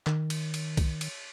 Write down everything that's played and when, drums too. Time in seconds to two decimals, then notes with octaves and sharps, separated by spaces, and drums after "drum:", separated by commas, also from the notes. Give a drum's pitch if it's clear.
0.07 D#3, drum: clap
0.30 drum: cymbal
0.54 drum: cymbal
0.77 drum: kick, cymbal
1.01 drum: cymbal